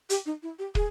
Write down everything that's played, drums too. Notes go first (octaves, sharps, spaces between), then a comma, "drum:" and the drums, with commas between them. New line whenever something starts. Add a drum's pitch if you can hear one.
G4, drum: hi-hat
D#4
E4
G4
G#4, drum: kick